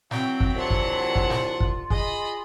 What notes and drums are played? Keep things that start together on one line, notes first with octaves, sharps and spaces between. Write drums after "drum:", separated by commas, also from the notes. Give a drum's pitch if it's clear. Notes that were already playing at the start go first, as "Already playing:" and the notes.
E3 F#3 C4 G5, drum: snare
drum: kick
C2 D4 F4 F#5
drum: kick
drum: kick
drum: snare
drum: kick
G#4 D#5 B5, drum: kick